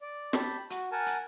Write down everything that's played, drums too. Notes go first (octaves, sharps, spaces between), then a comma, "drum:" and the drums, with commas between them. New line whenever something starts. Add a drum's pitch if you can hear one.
D5
G4 A5 B5 G6, drum: snare
F#4, drum: hi-hat
A#4 F#5 G#5 A5
drum: hi-hat